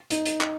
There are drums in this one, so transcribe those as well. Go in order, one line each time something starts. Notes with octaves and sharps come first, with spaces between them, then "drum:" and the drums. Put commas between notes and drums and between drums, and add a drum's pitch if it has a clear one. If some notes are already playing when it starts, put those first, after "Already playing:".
D#4, drum: hi-hat
drum: hi-hat
drum: clap